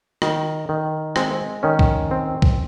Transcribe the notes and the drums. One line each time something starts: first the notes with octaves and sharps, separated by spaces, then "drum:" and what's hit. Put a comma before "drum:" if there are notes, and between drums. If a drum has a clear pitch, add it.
D#3, drum: rim click
D#3
G#3 C4, drum: rim click
D#3 C#4
drum: kick C2
C4
drum: kick C2